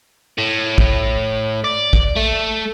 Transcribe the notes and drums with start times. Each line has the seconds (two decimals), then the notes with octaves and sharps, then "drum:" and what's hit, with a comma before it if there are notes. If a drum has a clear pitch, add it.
0.38 A2
0.78 drum: kick
1.64 D5
1.93 drum: kick
2.17 A3